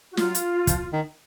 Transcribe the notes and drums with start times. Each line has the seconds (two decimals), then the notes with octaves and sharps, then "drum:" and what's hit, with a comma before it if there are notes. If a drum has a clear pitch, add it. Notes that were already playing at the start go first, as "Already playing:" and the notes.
0.12 F#4
0.17 F#3 F4, drum: snare
0.35 drum: hi-hat
0.67 F3, drum: kick, hi-hat
0.93 D#3